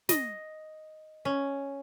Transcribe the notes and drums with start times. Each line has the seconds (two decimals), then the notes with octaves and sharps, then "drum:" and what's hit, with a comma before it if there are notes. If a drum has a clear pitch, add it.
0.09 D#5, drum: snare
1.25 C#4